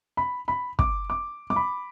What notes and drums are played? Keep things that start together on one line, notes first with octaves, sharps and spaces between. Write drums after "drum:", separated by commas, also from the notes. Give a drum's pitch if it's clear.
B5
B5
D6, drum: kick
D6
D6
B5